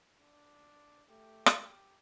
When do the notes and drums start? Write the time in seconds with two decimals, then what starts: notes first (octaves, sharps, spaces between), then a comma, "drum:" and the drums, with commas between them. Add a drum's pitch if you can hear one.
0.20 D4
1.09 A3 G4
1.46 drum: rim click